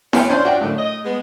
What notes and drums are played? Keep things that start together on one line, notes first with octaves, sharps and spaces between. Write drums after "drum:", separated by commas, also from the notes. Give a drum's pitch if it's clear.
G#4 B4 C#5 F5 G5, drum: snare E4
C#4 D4 C5
F3 D4 F#4 G5
F#2 A2 D3
D#5
G#3 B3